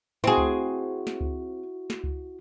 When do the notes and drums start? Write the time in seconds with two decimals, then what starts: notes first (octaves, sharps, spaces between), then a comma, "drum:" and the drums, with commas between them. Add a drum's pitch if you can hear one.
0.24 C4 E4 F#4 G#4, drum: snare
0.38 drum: kick C#2
1.07 drum: snare
1.21 drum: kick C#2
1.90 drum: snare
2.04 drum: kick C#2